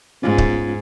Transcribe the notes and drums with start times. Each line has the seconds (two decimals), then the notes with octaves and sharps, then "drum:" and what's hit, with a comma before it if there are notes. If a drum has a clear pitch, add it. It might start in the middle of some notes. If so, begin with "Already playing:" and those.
0.22 G#2 B3 C#4 F4
0.38 drum: kick C#1